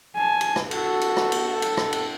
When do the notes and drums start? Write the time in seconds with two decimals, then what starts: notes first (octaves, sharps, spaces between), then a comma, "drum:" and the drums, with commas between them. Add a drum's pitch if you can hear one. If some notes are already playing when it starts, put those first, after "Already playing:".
0.16 G#5 A5
0.41 drum: cymbal
0.56 drum: rim click
0.71 F#4 A4, drum: cymbal
1.01 drum: cymbal
1.17 drum: rim click
1.32 drum: cymbal
1.52 A4
1.62 drum: cymbal
1.77 drum: rim click
1.93 drum: cymbal